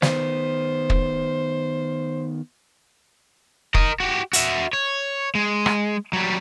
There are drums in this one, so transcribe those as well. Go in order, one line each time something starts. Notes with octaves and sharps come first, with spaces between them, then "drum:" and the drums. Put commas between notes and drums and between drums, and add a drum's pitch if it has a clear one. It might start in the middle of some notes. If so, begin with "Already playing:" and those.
D#3 B3 C5, drum: snare
drum: kick
A#4 D#5, drum: kick
F#4 G4
F#4 E5, drum: hi-hat
C#5
G#3
drum: rim click
F#3 G3